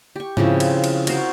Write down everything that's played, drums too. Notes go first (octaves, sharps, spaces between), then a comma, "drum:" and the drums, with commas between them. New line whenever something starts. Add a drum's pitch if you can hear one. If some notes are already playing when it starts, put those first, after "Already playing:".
G4 C#6
C#3 F3 C4 E4, drum: tom G#2
drum: cymbal
drum: cymbal
F#4 A#4 C5, drum: cymbal